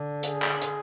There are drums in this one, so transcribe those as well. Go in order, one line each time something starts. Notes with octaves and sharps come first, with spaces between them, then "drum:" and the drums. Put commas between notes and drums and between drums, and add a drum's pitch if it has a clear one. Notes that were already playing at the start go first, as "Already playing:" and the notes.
Already playing: D3
G#4, drum: hi-hat
drum: clap
drum: hi-hat